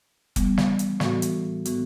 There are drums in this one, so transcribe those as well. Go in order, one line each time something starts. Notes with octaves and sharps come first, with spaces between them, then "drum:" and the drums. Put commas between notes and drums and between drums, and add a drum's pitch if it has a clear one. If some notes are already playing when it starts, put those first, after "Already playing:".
E3 G3 B3, drum: kick, hi-hat
drum: snare
drum: hi-hat
A2 E3 B3 F#4, drum: snare
drum: hi-hat
A2 E3 B3 F#4, drum: hi-hat